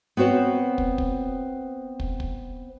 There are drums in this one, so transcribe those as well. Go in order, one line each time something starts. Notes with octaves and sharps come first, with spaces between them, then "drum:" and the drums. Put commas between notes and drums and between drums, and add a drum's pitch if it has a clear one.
B3 C4 F#4 C5 C#5
drum: kick
drum: kick
drum: kick
drum: kick